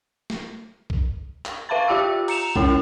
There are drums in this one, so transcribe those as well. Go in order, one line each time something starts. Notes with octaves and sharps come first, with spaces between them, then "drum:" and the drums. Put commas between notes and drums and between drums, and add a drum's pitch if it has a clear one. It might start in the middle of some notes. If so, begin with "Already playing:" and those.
drum: snare
drum: kick
drum: clap
B4 E5 F5 A5 B5 A6
F4 G4 G5 D6 E6
A#5 C#7 E7 F7, drum: cymbal
G#3 C#4 E4 G5, drum: kick